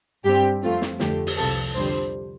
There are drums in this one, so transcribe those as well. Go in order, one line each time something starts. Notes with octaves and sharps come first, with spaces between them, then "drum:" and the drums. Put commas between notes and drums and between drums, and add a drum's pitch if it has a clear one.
G2 G3 C4 G4
F2 F3 A3 C4 F4
drum: snare
F2 D3 A3 G4, drum: snare
drum: open hi-hat
C2 C3 F3 A4
F2 D3 G3 C5